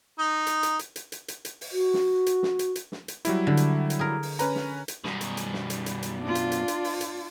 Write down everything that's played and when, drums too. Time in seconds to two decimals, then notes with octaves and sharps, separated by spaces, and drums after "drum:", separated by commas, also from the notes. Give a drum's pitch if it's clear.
0.19 D#4
0.47 drum: hi-hat
0.63 drum: hi-hat
0.79 drum: hi-hat
0.96 drum: hi-hat
1.12 drum: hi-hat
1.28 drum: hi-hat
1.45 drum: hi-hat
1.61 drum: open hi-hat
1.72 F#4
1.94 drum: snare
2.26 drum: hi-hat
2.43 drum: snare
2.59 drum: hi-hat
2.76 drum: hi-hat
2.92 drum: snare
3.08 drum: hi-hat
3.25 F#3 G3 E4, drum: hi-hat
3.47 D3
3.57 drum: hi-hat
3.90 drum: hi-hat
3.99 G#4 A#4
4.23 drum: open hi-hat
4.39 C#4 B4 A#5, drum: hi-hat
4.55 drum: snare
4.88 drum: hi-hat
5.04 F#2 B2 G3, drum: snare
5.21 drum: hi-hat
5.37 drum: hi-hat
5.53 drum: snare
5.70 drum: hi-hat
5.86 drum: hi-hat
6.03 drum: hi-hat
6.23 D4 F4
6.35 drum: hi-hat
6.52 drum: hi-hat
6.68 drum: hi-hat
6.84 drum: open hi-hat
7.01 drum: hi-hat